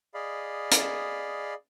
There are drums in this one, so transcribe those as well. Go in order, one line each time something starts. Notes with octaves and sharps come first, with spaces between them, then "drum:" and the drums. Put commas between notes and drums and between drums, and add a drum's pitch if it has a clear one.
G#4 D5 D#5 F5 B5
drum: hi-hat